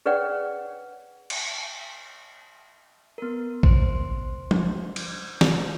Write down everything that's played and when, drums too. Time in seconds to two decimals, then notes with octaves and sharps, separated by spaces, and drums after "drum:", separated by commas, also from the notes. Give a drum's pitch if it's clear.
0.06 G#4 B4 C#5 D5 F#5 G5
1.30 drum: cymbal
3.18 B3 A#4
3.63 C5 C6, drum: kick A1
4.51 drum: tom F3
4.96 drum: cymbal
5.41 drum: snare